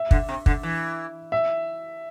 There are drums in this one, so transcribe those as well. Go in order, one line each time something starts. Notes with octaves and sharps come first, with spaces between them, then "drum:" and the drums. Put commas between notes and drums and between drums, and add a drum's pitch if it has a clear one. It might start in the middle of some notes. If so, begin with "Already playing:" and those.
Already playing: E5
D3, drum: kick
C3
D3, drum: kick
E3
E5